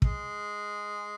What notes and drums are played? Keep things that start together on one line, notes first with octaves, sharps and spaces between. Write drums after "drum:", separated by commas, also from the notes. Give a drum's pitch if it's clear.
G#3, drum: kick